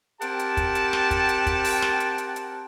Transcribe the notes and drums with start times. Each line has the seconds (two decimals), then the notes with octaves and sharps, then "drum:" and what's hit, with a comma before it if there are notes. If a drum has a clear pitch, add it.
0.21 C4 G4 A#4 F#5 A5, drum: hi-hat
0.39 drum: hi-hat
0.57 drum: kick, hi-hat
0.75 drum: hi-hat
0.93 drum: snare
1.11 drum: kick, hi-hat
1.29 drum: hi-hat
1.47 drum: kick, hi-hat
1.64 drum: open hi-hat
1.82 drum: snare
2.00 drum: hi-hat
2.18 drum: hi-hat
2.36 drum: hi-hat